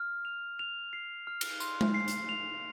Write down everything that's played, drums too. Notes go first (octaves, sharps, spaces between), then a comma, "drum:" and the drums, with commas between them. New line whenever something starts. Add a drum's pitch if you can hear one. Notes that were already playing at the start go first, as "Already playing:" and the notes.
Already playing: F6
F7
F7
C7
F6
drum: cymbal
C6, drum: tambourine
drum: tom G#3
C7
drum: hi-hat
F7